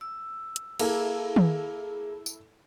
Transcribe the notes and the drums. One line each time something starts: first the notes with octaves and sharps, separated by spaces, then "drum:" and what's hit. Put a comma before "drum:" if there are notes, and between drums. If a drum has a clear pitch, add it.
E6
drum: hi-hat
A#3 E4 G#4 A4, drum: cymbal
drum: tom D#3
drum: tambourine